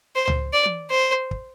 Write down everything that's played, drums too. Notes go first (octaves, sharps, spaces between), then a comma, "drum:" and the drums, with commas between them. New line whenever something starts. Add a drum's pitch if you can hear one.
C5
drum: tom C#2
D5
drum: tom
C5
drum: kick